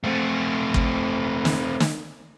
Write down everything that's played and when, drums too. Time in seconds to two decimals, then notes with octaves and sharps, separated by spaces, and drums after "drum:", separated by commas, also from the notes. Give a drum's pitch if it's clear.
0.04 A3 C4
0.74 drum: kick
1.45 drum: snare
1.80 drum: snare